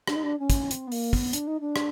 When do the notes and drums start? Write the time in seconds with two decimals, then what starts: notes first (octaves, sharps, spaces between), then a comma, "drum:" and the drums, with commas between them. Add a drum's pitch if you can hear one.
0.08 D4, drum: rim click
0.16 D#4
0.23 D4
0.39 C#4
0.50 drum: kick, hi-hat
0.71 C4, drum: hi-hat
0.87 B3
0.92 A#3, drum: open hi-hat
1.13 B3, drum: kick, open hi-hat
1.33 D4, drum: hi-hat
1.47 D#4
1.60 D4
1.76 drum: rim click